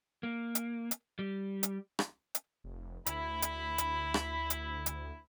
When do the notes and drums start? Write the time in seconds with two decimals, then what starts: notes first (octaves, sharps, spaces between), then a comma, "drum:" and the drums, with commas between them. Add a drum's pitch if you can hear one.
0.23 A#3
0.55 drum: hi-hat
0.91 drum: hi-hat
1.19 G3
1.63 drum: hi-hat
1.99 drum: rim click
2.35 drum: hi-hat
2.64 F1
3.06 D2 E4 B5, drum: hi-hat
3.42 drum: hi-hat
3.78 drum: hi-hat
4.14 drum: rim click
4.50 drum: hi-hat
4.86 drum: hi-hat